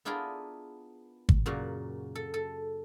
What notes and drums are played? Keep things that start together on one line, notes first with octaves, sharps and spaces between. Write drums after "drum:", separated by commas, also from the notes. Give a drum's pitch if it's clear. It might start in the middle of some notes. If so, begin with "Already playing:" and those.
B3 D4 E4 F4 G#4 A#4
drum: kick
F#2 A#2 C#3 F#4
A4
A4